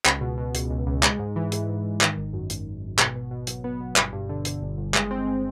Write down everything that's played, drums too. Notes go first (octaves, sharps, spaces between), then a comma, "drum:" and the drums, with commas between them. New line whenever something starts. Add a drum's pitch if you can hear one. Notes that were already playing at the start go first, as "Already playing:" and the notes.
C#2, drum: clap
B2
B2
C#2, drum: hi-hat
C#2
C#2
G#3, drum: clap
G#2
E3
G#2, drum: hi-hat
G#2
G#2
D#3, drum: clap
G#1
F#2
G#1, drum: hi-hat
G#1
G#1
B2, drum: clap
B2
B2
F#3, drum: hi-hat
B3
B2
G1, drum: clap
G2
D3
D3, drum: hi-hat
G1
G1
G#3, drum: clap
C4
G#3